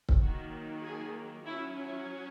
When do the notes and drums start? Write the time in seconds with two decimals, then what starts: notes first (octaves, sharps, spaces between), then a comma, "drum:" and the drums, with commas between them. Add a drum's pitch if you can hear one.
0.09 drum: kick C#1
0.20 D#3 F#3 A#3 F#4
0.83 G#4
1.45 F#3 C#4 E4
1.76 E4